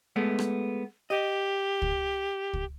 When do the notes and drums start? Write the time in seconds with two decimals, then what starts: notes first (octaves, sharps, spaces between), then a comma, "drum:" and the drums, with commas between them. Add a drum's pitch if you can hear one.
0.16 G#3 A3 B3
0.39 drum: rim click
1.10 G4 D#5
1.82 drum: kick
2.53 drum: kick